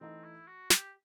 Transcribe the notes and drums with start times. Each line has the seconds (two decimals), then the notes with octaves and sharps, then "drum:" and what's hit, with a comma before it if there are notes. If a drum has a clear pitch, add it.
0.01 E3 A3 C4 D#4 A4 D#5
0.24 E4
0.47 F#4
0.70 G4, drum: snare